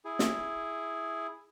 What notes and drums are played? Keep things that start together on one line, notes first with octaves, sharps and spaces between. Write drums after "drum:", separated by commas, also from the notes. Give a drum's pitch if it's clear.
E4 G#4
drum: snare